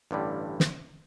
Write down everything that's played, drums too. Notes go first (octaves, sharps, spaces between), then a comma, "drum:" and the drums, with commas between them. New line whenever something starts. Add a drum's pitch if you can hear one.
A1 G2 D3 G3
drum: snare